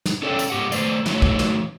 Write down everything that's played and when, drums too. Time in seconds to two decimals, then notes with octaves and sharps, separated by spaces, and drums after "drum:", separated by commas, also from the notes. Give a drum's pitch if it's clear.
0.06 drum: snare
0.22 C#4 A4 C#5 D5 F5 G5
0.39 drum: tambourine
0.50 G#2 G4 F#5
0.72 A3 B4 C5 D5, drum: tambourine
1.06 E3 F#3 A3 D#4 C#5, drum: snare
1.22 drum: kick
1.39 drum: snare